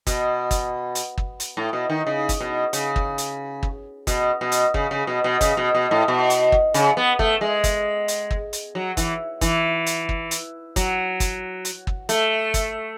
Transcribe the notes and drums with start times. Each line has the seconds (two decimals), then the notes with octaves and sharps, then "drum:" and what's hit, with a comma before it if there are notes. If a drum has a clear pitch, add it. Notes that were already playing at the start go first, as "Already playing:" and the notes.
0.07 B2, drum: kick, hi-hat
0.51 drum: kick, hi-hat
0.95 drum: hi-hat
1.18 drum: kick
1.40 drum: hi-hat
1.57 A2
1.73 B2
1.90 D#3
2.07 C#3
2.29 drum: kick, hi-hat
2.41 B2
2.73 C#3, drum: hi-hat
2.96 drum: kick
3.18 drum: hi-hat
3.63 drum: kick
4.07 B2, drum: kick, hi-hat
4.41 B2
4.52 drum: hi-hat
4.74 C#3, drum: kick
4.91 C#3
5.07 B2
5.24 B2
5.41 C#3, drum: kick, hi-hat
5.57 B2
5.75 B2
5.91 A2
6.08 B2
6.30 drum: hi-hat
6.52 drum: kick
6.74 C#3, drum: hi-hat
6.97 B3
7.19 A3, drum: kick
7.41 G#3
7.64 drum: kick, hi-hat
8.08 drum: hi-hat
8.31 drum: kick
8.53 drum: hi-hat
8.75 F#3
8.97 E3, drum: kick, hi-hat
9.41 E3, drum: kick, hi-hat
9.87 drum: hi-hat
10.09 drum: kick
10.31 drum: hi-hat
10.76 F#3, drum: kick, hi-hat
11.20 drum: kick, hi-hat
11.65 drum: hi-hat
11.87 drum: kick
12.09 A3, drum: hi-hat
12.54 drum: kick, hi-hat